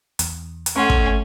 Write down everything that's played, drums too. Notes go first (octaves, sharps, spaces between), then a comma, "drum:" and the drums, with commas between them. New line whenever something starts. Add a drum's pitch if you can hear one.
E2, drum: hi-hat
drum: hi-hat
A3 C#4 F#5 C6 C#6
drum: kick